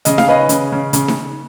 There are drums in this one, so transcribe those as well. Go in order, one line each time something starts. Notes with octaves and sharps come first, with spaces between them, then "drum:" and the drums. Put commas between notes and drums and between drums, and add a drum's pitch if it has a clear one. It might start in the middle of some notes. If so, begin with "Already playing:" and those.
C#3 D#5, drum: hi-hat
F5, drum: snare D#4
C#4 B4 D#5
C#3, drum: hi-hat
C#3
C#3, drum: hi-hat
drum: snare D#4